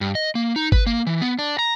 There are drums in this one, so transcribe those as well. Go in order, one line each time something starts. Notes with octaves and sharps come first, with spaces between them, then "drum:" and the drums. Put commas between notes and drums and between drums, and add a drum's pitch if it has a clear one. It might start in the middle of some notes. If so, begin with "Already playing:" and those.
G2
D#5
A#3
D#4
B4, drum: kick
A#3
E3
B3
D4
A#5